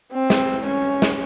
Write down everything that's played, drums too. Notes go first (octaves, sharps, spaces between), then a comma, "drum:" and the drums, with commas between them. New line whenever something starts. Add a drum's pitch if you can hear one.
C4
drum: snare
C#4
drum: snare